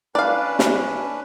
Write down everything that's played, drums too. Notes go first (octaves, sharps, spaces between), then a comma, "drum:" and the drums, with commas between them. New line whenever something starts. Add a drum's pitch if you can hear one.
C#4 D4 B4 D5 F5
drum: snare